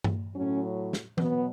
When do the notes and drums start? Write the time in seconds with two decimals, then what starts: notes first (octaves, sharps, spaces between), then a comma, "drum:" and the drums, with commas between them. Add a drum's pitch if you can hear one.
0.04 drum: tom G2
0.35 A2 F#3 C#4
0.93 drum: snare
1.18 B2 F#3 B3, drum: tom E3